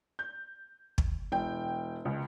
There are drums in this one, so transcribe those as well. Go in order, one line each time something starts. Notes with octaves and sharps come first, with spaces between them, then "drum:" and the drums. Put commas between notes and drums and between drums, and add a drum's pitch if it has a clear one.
G6
drum: kick
E1 G5
C#2